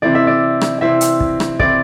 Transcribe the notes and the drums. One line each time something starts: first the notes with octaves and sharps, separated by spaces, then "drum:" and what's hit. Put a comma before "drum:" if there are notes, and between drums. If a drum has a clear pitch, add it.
C3 E3 C4 E4 D5
E5
D5
drum: rim click
C3 E3 C4 E4 E5
drum: hi-hat
drum: kick
drum: rim click
C3 E3 C4 E4 D5, drum: kick